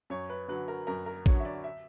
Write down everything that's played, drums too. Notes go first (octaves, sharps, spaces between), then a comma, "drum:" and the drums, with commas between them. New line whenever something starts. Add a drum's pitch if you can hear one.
F#2 C#5
B4
D3 F#3 B4
A#4
F#2 A#4
A#4
D3 F#3 C#5, drum: kick
E5
D5
E5